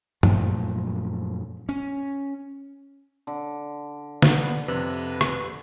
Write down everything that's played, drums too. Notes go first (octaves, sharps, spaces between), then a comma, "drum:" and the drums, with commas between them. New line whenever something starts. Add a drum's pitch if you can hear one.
F#2 A#2 F3 A3, drum: tom G2
C#4
D3
B3, drum: snare D3
F2 C3 B4
drum: rim click